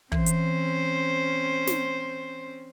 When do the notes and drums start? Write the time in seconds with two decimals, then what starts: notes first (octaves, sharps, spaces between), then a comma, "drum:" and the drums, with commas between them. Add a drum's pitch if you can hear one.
0.12 E3 C4 C#4 C5, drum: kick
0.26 drum: hi-hat
1.67 drum: snare